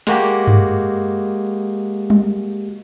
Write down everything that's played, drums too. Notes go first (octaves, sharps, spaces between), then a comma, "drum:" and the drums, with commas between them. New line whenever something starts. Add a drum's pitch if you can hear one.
G#3 A#3 F#4 G4, drum: snare
drum: tom G2
drum: tom G3